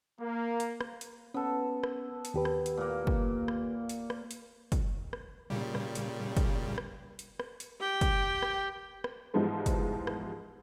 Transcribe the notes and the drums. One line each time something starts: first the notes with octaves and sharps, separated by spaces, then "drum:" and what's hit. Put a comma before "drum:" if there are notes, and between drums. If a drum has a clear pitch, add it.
A#3
drum: hi-hat
drum: rim click
drum: hi-hat
B3 C#4 A4
drum: rim click
drum: hi-hat
D#2 G4 B4
drum: rim click
drum: hi-hat
A#2 A#3
drum: kick
drum: rim click
drum: hi-hat
drum: rim click
drum: hi-hat
drum: kick, hi-hat
drum: rim click
A#2 C#3 G3
drum: rim click
drum: hi-hat
drum: kick, hi-hat
drum: rim click
drum: hi-hat
drum: rim click
drum: hi-hat
G4 G5
drum: kick, hi-hat
drum: rim click
drum: rim click
G#2 E3 F3 G3 G#3 B3
drum: kick, hi-hat
drum: rim click